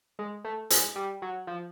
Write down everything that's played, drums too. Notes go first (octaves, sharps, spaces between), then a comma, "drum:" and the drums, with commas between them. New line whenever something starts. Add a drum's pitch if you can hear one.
G#3
A3
G#3, drum: hi-hat
G3
F#3
F3